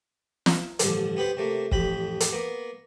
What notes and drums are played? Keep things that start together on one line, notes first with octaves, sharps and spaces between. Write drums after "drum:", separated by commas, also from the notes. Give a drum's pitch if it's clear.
drum: snare
A1 G2 D3 F3, drum: hi-hat
B3 G4 B4 C5
C3 A3 A#3
A1 F2 G4 B5, drum: kick
drum: hi-hat
A#3 B3